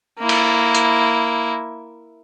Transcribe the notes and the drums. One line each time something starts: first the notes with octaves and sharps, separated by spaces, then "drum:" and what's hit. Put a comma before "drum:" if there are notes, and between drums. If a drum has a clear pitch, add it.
A#3 E4
drum: cymbal
drum: hi-hat